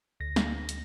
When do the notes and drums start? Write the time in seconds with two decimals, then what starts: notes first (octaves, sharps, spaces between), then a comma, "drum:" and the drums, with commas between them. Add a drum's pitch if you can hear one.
0.20 D2 A#6
0.36 drum: snare
0.69 drum: hi-hat